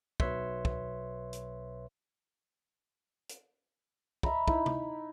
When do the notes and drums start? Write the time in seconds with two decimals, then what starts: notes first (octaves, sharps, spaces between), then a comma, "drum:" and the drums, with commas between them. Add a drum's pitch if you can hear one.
0.20 B1 B2 B4 C#5 E5 C6, drum: kick
0.65 drum: kick
1.33 drum: hi-hat
3.29 drum: hi-hat
4.23 D#5 E5 A#5 B5, drum: kick
4.48 D#4 E4, drum: kick
4.66 drum: tom C3